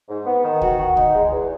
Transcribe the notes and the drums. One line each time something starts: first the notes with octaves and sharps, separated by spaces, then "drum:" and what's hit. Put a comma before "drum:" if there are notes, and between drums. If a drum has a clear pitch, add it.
G#2
B3
D#3
F#4, drum: kick
F#4
D#4, drum: kick
G#3
E2